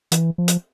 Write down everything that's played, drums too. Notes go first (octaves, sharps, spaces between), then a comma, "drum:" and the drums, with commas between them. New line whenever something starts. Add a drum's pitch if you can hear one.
E3, drum: hi-hat
F3
drum: hi-hat